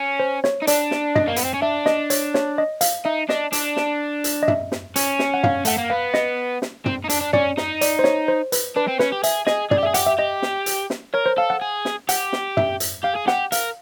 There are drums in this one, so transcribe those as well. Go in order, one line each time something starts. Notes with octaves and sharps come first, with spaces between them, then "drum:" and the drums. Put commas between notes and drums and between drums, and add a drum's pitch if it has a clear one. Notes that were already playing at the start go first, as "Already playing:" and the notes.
Already playing: C#4
C5
C#5, drum: snare
D#4
D4 D5, drum: hi-hat
drum: snare
D#5, drum: tom
A#3
B3, drum: hi-hat
C4
C#4
D4 E5
D#5, drum: snare
C#5, drum: hi-hat
C#5, drum: snare
D#5
F5, drum: hi-hat
D#4 E5
D4 D#5, drum: snare
D4, drum: hi-hat
drum: snare
drum: hi-hat
D#5
E5, drum: tom
drum: snare
C#4, drum: hi-hat
drum: snare
F#5
F5, drum: tom
A3 F#5, drum: hi-hat
A#3
B3 F5
D#5, drum: snare
drum: snare
C4, drum: tom
D#4
D4, drum: hi-hat
D4
C#4 D5, drum: tom
D#4, drum: snare
D5, drum: hi-hat
C5
C#5, drum: snare
C5
B4, drum: hi-hat
D4 B4
C4
C#4 B4, drum: snare
G4
G#4 E5, drum: hi-hat
G#4 D#5, drum: snare
G#4 D5, drum: tom
G4
G#4 E5
G4 F#5, drum: hi-hat
E5
G4 D#5
drum: snare
drum: hi-hat
drum: snare
A#4 C#5
C5
A4 F5
F#5
G#4
drum: snare
G4 F#5, drum: hi-hat
drum: snare
E5, drum: tom
drum: hi-hat
G4 F5
G#4
G4 F#5, drum: snare
A#4 F5, drum: hi-hat